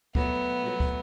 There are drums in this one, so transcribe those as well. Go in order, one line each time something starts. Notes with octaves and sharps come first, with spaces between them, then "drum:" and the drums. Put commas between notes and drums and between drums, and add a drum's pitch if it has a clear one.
B2 F#3 A3 B3, drum: kick
B2 F#3 A3
drum: kick